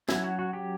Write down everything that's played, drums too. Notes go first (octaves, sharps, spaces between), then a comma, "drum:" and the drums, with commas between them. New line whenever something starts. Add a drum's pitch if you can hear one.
F#3 C#4 E4, drum: snare
F#4
F#4
G4